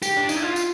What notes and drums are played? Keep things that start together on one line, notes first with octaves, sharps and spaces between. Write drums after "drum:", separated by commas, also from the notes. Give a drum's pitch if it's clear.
G4, drum: tambourine
D4
D#4, drum: tambourine
E4
F4
drum: tambourine